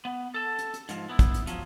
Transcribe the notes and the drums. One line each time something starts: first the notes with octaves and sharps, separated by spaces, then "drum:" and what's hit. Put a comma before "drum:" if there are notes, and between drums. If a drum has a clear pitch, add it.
B3
A4 A5
drum: hi-hat
drum: hi-hat
G#2 F3, drum: hi-hat
B3 E4
drum: kick, hi-hat
drum: hi-hat
F3 F#3, drum: hi-hat